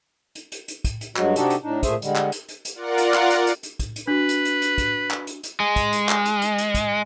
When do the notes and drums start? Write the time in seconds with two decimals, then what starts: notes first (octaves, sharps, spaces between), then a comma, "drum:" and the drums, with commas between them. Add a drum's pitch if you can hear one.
0.35 drum: hi-hat
0.52 drum: hi-hat
0.68 drum: hi-hat
0.85 drum: kick, hi-hat
1.01 drum: hi-hat
1.16 G2 F#3 G#3 F#4, drum: clap
1.36 C3 D4 D#4 F#4 G4 A4, drum: hi-hat
1.50 drum: hi-hat
1.63 A2 D4 D#4
1.83 A#2 A3 G#4 C5 E5, drum: kick, hi-hat
2.02 D3 G3 G#3, drum: hi-hat
2.16 drum: clap
2.32 drum: hi-hat
2.48 drum: hi-hat
2.65 drum: hi-hat
2.75 F4 A#4 D5 F#5
2.98 drum: hi-hat
3.14 drum: clap
3.30 drum: hi-hat
3.47 drum: hi-hat
3.63 drum: hi-hat
3.80 drum: kick, hi-hat
3.96 drum: hi-hat
4.07 D4 F#4 B4
4.29 drum: hi-hat
4.45 drum: hi-hat
4.61 drum: hi-hat
4.78 drum: kick, hi-hat
5.11 drum: clap
5.27 drum: hi-hat
5.43 drum: hi-hat
5.60 G#3
5.76 drum: kick, hi-hat
5.93 drum: hi-hat
6.09 drum: clap
6.25 drum: hi-hat
6.42 drum: hi-hat
6.58 drum: hi-hat
6.74 drum: kick, hi-hat